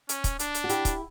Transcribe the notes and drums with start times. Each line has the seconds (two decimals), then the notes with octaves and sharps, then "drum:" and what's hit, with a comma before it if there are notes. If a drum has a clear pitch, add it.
0.09 C#4, drum: hi-hat
0.24 drum: kick, hi-hat
0.39 D4, drum: hi-hat
0.54 drum: hi-hat
0.64 F#4
0.69 E4 G4, drum: hi-hat
0.85 drum: kick, hi-hat